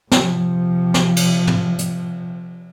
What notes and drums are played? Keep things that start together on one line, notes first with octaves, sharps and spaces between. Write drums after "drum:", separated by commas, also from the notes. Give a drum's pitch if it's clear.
C3 F3, drum: snare
drum: snare
drum: cymbal
drum: tom
drum: hi-hat